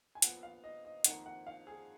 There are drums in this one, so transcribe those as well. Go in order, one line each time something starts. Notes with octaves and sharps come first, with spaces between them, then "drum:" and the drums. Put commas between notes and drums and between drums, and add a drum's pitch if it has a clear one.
G#5
A#2 F3 B3 F#5, drum: hi-hat
F5
D#5
D#5
F2 D#3 A#3 F#5, drum: hi-hat
F#5
F5
G#4